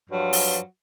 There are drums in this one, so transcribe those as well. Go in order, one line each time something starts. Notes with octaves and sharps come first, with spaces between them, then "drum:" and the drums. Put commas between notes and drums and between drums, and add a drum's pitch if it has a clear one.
G2 F3 F#3
drum: open hi-hat